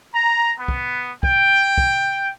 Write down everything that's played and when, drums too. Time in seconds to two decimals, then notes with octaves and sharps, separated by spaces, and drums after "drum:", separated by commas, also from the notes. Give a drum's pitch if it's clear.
0.14 A#5
0.59 B3
0.68 drum: kick
1.23 G5, drum: kick
1.78 drum: kick